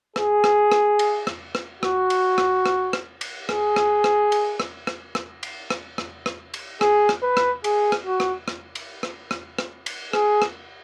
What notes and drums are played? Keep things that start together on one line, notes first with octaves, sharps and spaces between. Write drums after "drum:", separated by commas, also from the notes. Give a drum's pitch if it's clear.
G#4, drum: rim click
drum: rim click
drum: rim click
drum: cymbal
drum: rim click
drum: rim click
F#4, drum: rim click
drum: cymbal
drum: rim click
drum: rim click
drum: rim click
drum: cymbal
G#4, drum: rim click
drum: rim click
drum: rim click
drum: cymbal
drum: rim click
drum: rim click
drum: rim click
drum: cymbal
drum: rim click
drum: rim click
drum: rim click
drum: cymbal
G#4, drum: rim click
drum: rim click
B4
drum: rim click
G#4, drum: cymbal
drum: rim click
F#4
drum: rim click
drum: rim click
drum: cymbal
drum: rim click
drum: rim click
drum: rim click
drum: cymbal
G#4, drum: rim click
drum: rim click